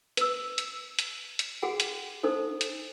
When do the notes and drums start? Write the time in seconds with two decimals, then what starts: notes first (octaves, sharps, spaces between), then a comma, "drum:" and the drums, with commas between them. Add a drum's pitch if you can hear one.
0.17 B4 E6, drum: hi-hat
0.58 drum: hi-hat
0.99 drum: hi-hat
1.39 drum: hi-hat
1.63 F#4 G#4 F#5 G5
1.80 drum: hi-hat
2.23 D4 D#4 A4 C5
2.61 drum: hi-hat